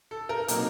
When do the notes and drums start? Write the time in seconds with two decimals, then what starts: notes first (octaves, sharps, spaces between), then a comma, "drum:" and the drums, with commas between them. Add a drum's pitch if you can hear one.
0.11 A4
0.29 A#4
0.48 C3 F#3 A#3 D#4 A#4, drum: hi-hat